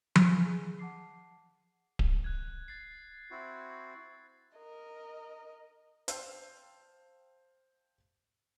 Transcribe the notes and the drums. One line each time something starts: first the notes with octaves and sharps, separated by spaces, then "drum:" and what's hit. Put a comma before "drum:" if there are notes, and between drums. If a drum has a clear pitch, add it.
F5 G#5 B5 C#6, drum: tom F3
G#4
F#5 A5 D6 C7
drum: kick D1
F#6 G#6
A6 C7
C4 E4 F#4
A#4 D#5
C5 F5 G5 A5 E6 G6, drum: hi-hat